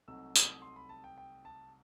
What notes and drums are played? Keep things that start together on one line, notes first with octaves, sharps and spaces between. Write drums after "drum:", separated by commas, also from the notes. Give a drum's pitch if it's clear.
C2 C3 F#3 A3 D#4 E6
D#6, drum: tambourine
C6
B5
A5
G5
G5
A5